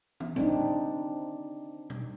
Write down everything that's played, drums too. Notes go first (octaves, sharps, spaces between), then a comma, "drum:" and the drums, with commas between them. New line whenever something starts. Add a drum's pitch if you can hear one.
drum: tom
C4 D4 D#4, drum: tom
drum: tom